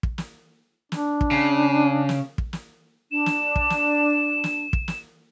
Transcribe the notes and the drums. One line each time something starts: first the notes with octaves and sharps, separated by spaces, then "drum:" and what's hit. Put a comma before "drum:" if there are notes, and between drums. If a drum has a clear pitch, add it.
drum: kick
drum: snare
D4, drum: snare
drum: kick
C#3
drum: snare
drum: kick
drum: snare
D4 E7
drum: snare
drum: kick
drum: snare
drum: snare
drum: kick
drum: snare